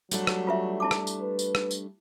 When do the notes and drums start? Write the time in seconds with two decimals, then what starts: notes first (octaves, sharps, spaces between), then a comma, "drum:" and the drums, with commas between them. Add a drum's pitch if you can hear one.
0.11 F#3 G3 A3 D4, drum: tambourine
0.27 drum: rim click
0.47 F4 B4 E5
0.80 E4 A5 D6
0.91 drum: rim click
1.07 drum: tambourine
1.21 B4
1.39 drum: tambourine
1.55 drum: rim click
1.71 drum: tambourine